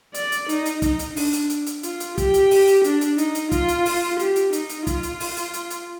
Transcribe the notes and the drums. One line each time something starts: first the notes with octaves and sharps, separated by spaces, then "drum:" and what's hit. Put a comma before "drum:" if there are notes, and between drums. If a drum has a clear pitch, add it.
D5, drum: hi-hat
drum: hi-hat
D#4, drum: hi-hat
drum: hi-hat
D#4, drum: kick, hi-hat
drum: hi-hat
D4, drum: open hi-hat
drum: hi-hat
drum: hi-hat
drum: hi-hat
F4, drum: hi-hat
drum: hi-hat
G4, drum: kick, hi-hat
drum: hi-hat
drum: open hi-hat
drum: hi-hat
D4, drum: hi-hat
drum: hi-hat
D#4, drum: hi-hat
drum: hi-hat
F4, drum: kick, hi-hat
drum: hi-hat
drum: open hi-hat
G4, drum: hi-hat
drum: hi-hat
D#4, drum: hi-hat
drum: hi-hat
F4, drum: kick, hi-hat
drum: hi-hat
drum: open hi-hat
drum: hi-hat
drum: hi-hat
drum: hi-hat